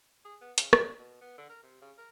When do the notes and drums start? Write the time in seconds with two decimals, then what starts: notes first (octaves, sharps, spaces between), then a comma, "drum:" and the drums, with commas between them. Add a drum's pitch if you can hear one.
0.25 G#4
0.41 B3
0.58 C#3, drum: hi-hat
0.73 D4, drum: rim click
0.98 B2
1.21 B3
1.38 D3
1.49 A#4
1.63 C3
1.81 C#3
1.98 A#4